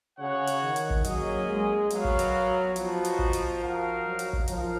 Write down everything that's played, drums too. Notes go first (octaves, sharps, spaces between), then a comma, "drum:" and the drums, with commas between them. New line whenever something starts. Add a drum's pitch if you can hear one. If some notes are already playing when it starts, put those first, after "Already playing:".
C#3 F#4 C#5 F#5
drum: hi-hat
D#3
drum: hi-hat
drum: kick
F#3 A#3 C#4 G#4 D#5, drum: hi-hat
G#3
F#3 B3 F#4 A#4 F5, drum: hi-hat
drum: kick
drum: hi-hat
F3 B3 D#4 F#4, drum: hi-hat
drum: hi-hat
drum: kick
drum: hi-hat
D#4 F#4 A#4 F5
F#3
drum: hi-hat
drum: kick
F3 D#4 A#4 F5, drum: hi-hat